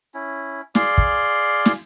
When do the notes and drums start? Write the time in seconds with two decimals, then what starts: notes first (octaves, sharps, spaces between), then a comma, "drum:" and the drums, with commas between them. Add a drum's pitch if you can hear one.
0.14 C#4 E4
0.75 G#4 D5 F5 C6, drum: snare
0.98 drum: kick
1.66 drum: snare